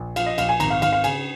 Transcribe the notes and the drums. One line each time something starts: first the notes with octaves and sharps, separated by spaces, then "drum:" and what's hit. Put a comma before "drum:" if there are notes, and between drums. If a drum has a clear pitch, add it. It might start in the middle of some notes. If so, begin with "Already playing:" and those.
Already playing: A#1
F3 F5, drum: cymbal
D#5
A#1 F5, drum: cymbal
G#5
G#1 A#5, drum: cymbal
F5
G#1 F5, drum: cymbal
F5
C#3 G#5, drum: cymbal